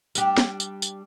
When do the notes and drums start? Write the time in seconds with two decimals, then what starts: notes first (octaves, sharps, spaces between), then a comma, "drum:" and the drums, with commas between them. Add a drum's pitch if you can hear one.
0.15 G3 D4 G4, drum: tambourine
0.38 drum: snare
0.60 drum: tambourine
0.82 drum: tambourine